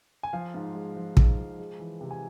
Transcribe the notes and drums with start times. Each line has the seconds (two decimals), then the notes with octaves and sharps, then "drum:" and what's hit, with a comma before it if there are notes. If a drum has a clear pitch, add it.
0.23 G#5
0.33 F3 F5
0.54 G#2
0.75 G#3
0.96 F3
1.17 G#2, drum: kick
1.38 F3
1.59 G#3
1.80 E3
2.01 C3
2.11 G#5